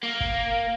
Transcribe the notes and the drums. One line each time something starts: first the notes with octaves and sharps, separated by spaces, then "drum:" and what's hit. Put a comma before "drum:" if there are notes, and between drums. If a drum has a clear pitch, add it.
A#3
drum: kick